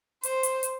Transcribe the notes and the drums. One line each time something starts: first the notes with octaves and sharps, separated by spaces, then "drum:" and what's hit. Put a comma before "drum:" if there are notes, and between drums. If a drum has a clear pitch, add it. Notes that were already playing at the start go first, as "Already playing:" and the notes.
C5, drum: hi-hat
drum: hi-hat
drum: hi-hat